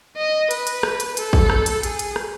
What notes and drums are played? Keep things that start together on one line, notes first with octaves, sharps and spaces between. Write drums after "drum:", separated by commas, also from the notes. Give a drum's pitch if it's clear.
D#5
B4, drum: hi-hat
drum: hi-hat
drum: rim click
drum: hi-hat
A4, drum: hi-hat
drum: kick
drum: rim click
drum: hi-hat
G#4, drum: hi-hat
drum: hi-hat
drum: rim click